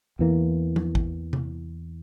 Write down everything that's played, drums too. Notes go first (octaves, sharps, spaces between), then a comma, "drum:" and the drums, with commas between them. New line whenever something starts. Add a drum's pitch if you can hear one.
E2 E3 A#3
drum: tom F3
drum: kick
drum: tom C3